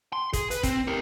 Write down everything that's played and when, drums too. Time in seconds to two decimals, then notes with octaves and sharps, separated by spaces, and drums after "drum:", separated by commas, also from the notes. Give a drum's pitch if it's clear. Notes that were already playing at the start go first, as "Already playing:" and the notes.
0.13 C6
0.33 G#4, drum: kick, hi-hat
0.51 B4, drum: hi-hat
0.63 C4, drum: kick, hi-hat
0.87 G4 A#4